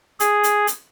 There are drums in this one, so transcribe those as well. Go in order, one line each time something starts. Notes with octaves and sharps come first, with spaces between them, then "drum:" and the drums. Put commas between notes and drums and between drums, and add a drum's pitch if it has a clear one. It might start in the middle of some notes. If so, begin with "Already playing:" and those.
G#4, drum: hi-hat
drum: hi-hat
drum: hi-hat